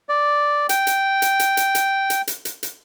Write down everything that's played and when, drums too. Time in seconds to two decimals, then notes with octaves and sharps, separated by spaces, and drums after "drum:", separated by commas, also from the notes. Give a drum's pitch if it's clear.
0.09 D5
0.69 G5, drum: hi-hat
0.87 drum: hi-hat
1.22 drum: hi-hat
1.40 drum: hi-hat
1.57 drum: hi-hat
1.75 drum: hi-hat
2.10 drum: hi-hat
2.27 drum: hi-hat
2.45 drum: hi-hat
2.63 drum: hi-hat